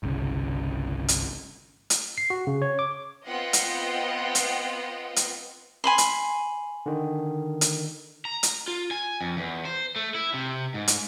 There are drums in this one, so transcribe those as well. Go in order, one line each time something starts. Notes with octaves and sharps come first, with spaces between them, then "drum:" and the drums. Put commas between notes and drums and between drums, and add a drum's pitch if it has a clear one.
G1 C2 C#3
drum: hi-hat
drum: hi-hat
C7
F#4
C#3
C#5
D6
B3 C4 F4 D#5 F#5 G5
drum: hi-hat
drum: hi-hat
drum: hi-hat
G#5 B5 C6
drum: hi-hat
D3 D#3
drum: hi-hat
A#5
drum: hi-hat
F4
G#5
F2
E2
C5
A3
E4
C3
G#2
drum: hi-hat